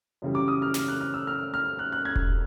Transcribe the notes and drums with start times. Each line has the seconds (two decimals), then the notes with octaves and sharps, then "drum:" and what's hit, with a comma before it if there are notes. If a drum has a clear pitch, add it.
0.22 F#2 C#3 E3 G3
0.35 D6
0.48 D#6
0.62 F6
0.74 F6, drum: snare
0.88 F#6
1.01 F6
1.14 E6
1.27 F6
1.54 F6
1.79 F#6
1.92 F#6
2.05 G#6
2.16 drum: kick E1